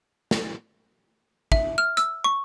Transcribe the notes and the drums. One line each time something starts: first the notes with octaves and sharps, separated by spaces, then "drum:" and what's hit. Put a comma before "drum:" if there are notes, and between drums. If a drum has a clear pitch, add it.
drum: snare
E5, drum: kick
F6
E6, drum: hi-hat
C#6